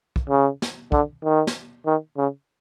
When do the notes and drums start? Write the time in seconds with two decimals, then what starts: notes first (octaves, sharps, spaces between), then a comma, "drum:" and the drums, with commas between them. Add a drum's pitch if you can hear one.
0.16 drum: kick
0.30 C#3
0.62 drum: snare
0.92 D3, drum: kick
1.24 D#3
1.47 drum: snare
1.86 D#3
2.17 C#3